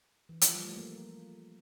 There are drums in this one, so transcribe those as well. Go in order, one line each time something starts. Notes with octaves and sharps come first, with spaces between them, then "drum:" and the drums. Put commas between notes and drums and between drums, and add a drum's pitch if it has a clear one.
E3
F3, drum: hi-hat
G3
A3
A#3